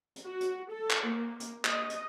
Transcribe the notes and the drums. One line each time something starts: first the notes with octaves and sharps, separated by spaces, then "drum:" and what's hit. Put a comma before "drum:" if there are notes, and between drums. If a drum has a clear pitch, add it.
drum: hi-hat
F#4
drum: hi-hat
A4
drum: clap
A#3
drum: hi-hat
D#5, drum: clap
drum: hi-hat